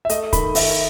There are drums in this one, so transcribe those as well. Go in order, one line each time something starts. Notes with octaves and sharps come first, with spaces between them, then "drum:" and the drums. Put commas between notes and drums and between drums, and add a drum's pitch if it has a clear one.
E5
A3 D#5, drum: hi-hat
D#3 B5, drum: kick, hi-hat
D#3 E5, drum: open hi-hat